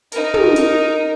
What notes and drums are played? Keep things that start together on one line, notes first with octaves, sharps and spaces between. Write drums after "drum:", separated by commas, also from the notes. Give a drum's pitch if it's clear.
D#4 A#4, drum: hi-hat
drum: tom
drum: hi-hat